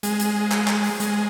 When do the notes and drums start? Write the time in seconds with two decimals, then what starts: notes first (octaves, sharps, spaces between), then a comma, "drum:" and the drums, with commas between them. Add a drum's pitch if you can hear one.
0.03 G#3, drum: hi-hat
0.20 drum: hi-hat
0.52 drum: clap
0.68 drum: clap
0.84 drum: open hi-hat
1.00 G#3, drum: hi-hat